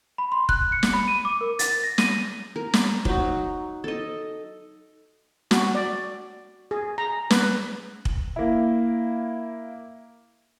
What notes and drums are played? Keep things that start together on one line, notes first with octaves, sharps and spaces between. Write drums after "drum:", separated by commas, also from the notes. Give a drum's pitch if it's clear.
B5
C6
F#6, drum: kick
C#7
drum: snare
B5
D#7
D6
A#4
A6, drum: hi-hat
A#6
D#7, drum: snare
A#4
drum: snare
F#3 D#4 F#4, drum: kick
A4 D#5
F#4, drum: snare
D5
G#4
A#5
B4, drum: snare
drum: kick
A#3 E4